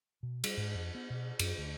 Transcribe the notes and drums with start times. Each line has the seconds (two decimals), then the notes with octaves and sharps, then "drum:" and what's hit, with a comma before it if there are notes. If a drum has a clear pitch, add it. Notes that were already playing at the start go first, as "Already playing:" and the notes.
0.23 B2
0.44 G3, drum: cymbal
0.57 G#2
0.74 F2
0.95 B3
1.10 B2
1.39 F#2, drum: cymbal
1.58 D2